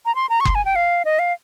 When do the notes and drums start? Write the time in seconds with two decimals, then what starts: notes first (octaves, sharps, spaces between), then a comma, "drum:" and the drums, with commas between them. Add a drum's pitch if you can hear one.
0.06 A#5
0.15 C6
0.29 A#5
0.40 C#6
0.45 C6, drum: kick F#1
0.55 G#5
0.65 G5
0.76 F5
1.05 D#5
1.19 F5